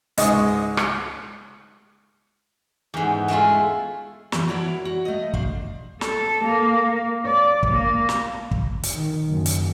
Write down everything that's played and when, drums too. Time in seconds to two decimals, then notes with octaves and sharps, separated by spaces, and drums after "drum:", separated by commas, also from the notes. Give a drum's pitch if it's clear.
0.18 C#2 G#2 D#5 G#5 C#6 D#6, drum: hi-hat
0.77 drum: rim click
2.94 E2 G#2
3.28 G#3 A3 E4 F4
4.32 E3 F#3 B3, drum: snare
4.49 E4 F#4 A#4 C#5 D5
4.85 F#4
5.05 A3 D#5
5.34 D4 C5 F5, drum: kick
6.01 A4, drum: snare
6.45 A#3
7.26 D5
7.63 drum: kick
7.72 A#3
8.09 drum: snare
8.51 drum: kick
8.83 drum: hi-hat
8.94 D#3
9.32 F#1
9.46 drum: hi-hat